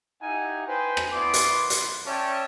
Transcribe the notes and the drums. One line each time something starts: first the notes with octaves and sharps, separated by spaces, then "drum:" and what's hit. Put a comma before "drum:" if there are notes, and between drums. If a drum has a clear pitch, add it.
D#4 E4 G4 F#5 G#5
B4 C5 G5 G#5
drum: rim click
B3 E4 D5 C6 D6
drum: hi-hat
drum: hi-hat
C#4 C#5 D5 E5 G5 A5